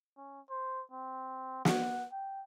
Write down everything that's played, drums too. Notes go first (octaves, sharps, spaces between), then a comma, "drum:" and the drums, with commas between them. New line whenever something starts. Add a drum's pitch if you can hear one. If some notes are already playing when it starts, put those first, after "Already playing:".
C#4
C5
C4
F#5, drum: snare
G5